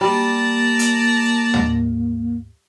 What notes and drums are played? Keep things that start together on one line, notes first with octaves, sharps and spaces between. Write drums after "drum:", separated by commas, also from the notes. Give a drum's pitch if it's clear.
G3 A#3 D5 A5 A#5
drum: hi-hat
drum: tom